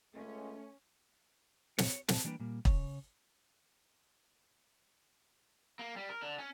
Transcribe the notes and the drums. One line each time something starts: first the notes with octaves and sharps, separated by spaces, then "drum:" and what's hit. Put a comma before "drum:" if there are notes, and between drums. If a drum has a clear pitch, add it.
C#2 G#3 A3 C#4
C#5, drum: snare
A5, drum: snare
E3 G3 A#3 D4 G4 B4
A#2 G3 A#3
C#3 C#5, drum: kick
A#3
G3
A#4
D3
C#4